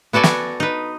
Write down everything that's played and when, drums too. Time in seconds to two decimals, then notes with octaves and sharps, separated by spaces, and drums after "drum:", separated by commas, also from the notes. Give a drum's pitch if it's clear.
0.13 B3 F#4 A4 D5 G#5
0.23 drum: snare
0.60 D#4 B4